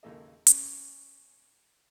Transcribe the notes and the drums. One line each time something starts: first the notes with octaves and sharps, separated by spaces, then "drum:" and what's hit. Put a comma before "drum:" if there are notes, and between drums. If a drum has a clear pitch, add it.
G#1 D#2 C#3 A#3 A4 D#5
C#4, drum: hi-hat